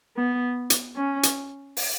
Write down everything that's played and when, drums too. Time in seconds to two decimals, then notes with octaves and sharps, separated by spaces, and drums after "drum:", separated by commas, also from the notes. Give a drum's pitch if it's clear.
0.17 B3
0.70 drum: hi-hat
0.96 C#4
1.23 drum: hi-hat
1.77 drum: open hi-hat